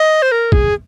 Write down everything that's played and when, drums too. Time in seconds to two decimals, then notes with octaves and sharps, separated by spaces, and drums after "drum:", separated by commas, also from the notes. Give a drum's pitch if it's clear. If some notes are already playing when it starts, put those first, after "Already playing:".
Already playing: D#5
0.22 C5
0.32 A#4
0.52 G#4, drum: kick